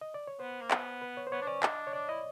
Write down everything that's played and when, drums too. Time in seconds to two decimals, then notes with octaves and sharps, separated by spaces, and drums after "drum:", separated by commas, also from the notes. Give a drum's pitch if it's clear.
0.01 D#5
0.14 D5
0.27 C#5
0.40 B3 C5
0.61 A#3
0.71 B3, drum: clap
1.02 B4
1.17 C#5
1.27 C5
1.32 B3 C#5
1.42 D4
1.47 C#4 D5
1.63 D4 D#5, drum: clap
1.87 C#5
1.93 D4 D5
2.09 E4 D#5